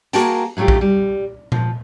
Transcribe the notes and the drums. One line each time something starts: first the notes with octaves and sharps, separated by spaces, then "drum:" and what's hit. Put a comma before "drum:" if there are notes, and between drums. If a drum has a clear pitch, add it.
A#3 F#4 G#4 A#4 G5 A5, drum: hi-hat
A2 F#3 A3 F4 G4
drum: kick A#1
G3
F3, drum: tom A#2